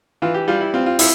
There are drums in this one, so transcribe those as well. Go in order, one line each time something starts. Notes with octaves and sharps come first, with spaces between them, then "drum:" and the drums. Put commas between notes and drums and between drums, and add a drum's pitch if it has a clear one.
E3 F4
G4
G3 F4
E4
C4 F4
F4
E4 F4, drum: open hi-hat